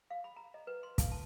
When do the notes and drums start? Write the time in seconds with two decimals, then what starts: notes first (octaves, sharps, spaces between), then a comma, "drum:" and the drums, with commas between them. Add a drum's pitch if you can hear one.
0.10 F5
0.24 B5
0.36 A#5
0.54 D#5
0.67 B4
0.83 C6
0.98 F5, drum: kick, hi-hat
1.12 A5